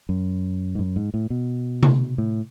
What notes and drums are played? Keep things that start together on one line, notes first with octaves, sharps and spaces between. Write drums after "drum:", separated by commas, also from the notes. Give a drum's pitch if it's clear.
F#2
G#2
F#2
G#2
A2
B2
drum: tom C3
A2